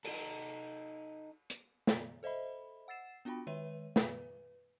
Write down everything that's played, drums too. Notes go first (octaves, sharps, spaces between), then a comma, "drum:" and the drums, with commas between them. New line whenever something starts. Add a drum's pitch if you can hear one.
D#4 A4, drum: cymbal
drum: hi-hat
drum: snare
A4 C5 D#5 E5 B5
F#5 E6 A6 C7 E7
B3 D4 F4 F#4 G5 B5
D#3 G#3 B4 C#5 E5 D#7
B4, drum: snare